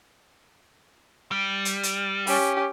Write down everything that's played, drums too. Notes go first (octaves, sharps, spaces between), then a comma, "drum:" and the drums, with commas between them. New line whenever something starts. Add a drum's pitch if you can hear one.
G3
drum: hi-hat
drum: hi-hat
C#4 G4, drum: open hi-hat